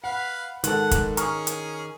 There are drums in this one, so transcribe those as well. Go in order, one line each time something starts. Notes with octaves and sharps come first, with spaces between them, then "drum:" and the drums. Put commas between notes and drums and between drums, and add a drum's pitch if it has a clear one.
B4 F5 F#5
G#2 D#3 A4 F#5, drum: hi-hat
drum: kick, hi-hat
C#4 G#4 A#5 C#6 F6, drum: hi-hat
drum: hi-hat